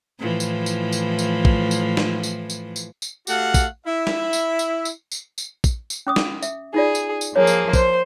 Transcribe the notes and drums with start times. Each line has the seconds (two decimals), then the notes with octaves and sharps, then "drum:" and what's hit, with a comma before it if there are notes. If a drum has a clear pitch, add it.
0.19 A2 E3 F3
0.40 drum: tambourine
0.66 drum: tambourine
0.92 drum: tambourine
1.19 drum: tambourine
1.45 drum: kick
1.71 drum: tambourine
1.97 drum: snare
2.23 drum: tambourine
2.50 drum: tambourine
2.76 drum: tambourine
3.02 drum: tambourine
3.27 A3 F#4 G4 F5 F#5, drum: tambourine
3.54 drum: kick, tambourine
3.85 E4 E5
4.07 drum: snare
4.33 drum: tambourine
4.59 drum: tambourine
4.85 drum: tambourine
5.12 drum: tambourine
5.38 drum: tambourine
5.64 drum: kick, tambourine
5.90 drum: tambourine
6.07 C#4 D6 D#6
6.16 drum: snare
6.42 E5, drum: tambourine
6.74 D#4 F4 G#4 D5
6.95 drum: tambourine
7.21 drum: tambourine
7.36 F3 A#3 G#4 C#5
7.47 drum: tambourine
7.73 C5, drum: kick, tambourine